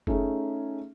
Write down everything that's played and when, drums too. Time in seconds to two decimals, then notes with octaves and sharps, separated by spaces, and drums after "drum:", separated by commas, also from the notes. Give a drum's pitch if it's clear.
0.07 A3 C#4 D#4 G#4, drum: kick F#1